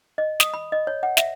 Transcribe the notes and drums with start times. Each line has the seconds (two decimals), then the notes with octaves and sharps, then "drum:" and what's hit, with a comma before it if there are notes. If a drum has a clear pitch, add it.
0.18 D#5
0.40 D#6, drum: snare
0.54 B5
0.72 D#5
0.87 C#5
1.03 F#5
1.17 E5, drum: snare